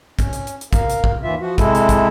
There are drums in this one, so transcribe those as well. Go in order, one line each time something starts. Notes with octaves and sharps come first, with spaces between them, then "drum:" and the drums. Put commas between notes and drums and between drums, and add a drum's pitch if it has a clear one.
C#4, drum: kick, hi-hat
drum: hi-hat
drum: hi-hat
drum: hi-hat
A#4 F5, drum: kick, hi-hat
drum: hi-hat
drum: kick
D#2 E3 F4 E5
F3 F#4
C3 G#3 E4 A4, drum: kick, hi-hat
drum: hi-hat
drum: kick, hi-hat